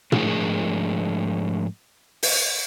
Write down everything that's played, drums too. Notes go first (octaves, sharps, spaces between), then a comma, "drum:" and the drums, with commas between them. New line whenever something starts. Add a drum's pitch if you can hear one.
G#2 F3 A3 D4 G#4 A#4, drum: tom
drum: open hi-hat